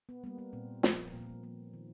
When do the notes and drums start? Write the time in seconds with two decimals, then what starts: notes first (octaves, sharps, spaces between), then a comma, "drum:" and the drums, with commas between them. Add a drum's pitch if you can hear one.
0.09 B3
0.24 G3 A#3 B3
0.38 B3
0.53 A#2 C4
0.83 F3 A#3, drum: snare
1.13 A#2
1.43 F3 A#3
1.73 D#3